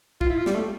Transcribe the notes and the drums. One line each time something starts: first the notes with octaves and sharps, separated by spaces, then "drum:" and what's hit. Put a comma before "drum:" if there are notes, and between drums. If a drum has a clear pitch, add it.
F4, drum: kick
E4
F4
G3, drum: snare
A3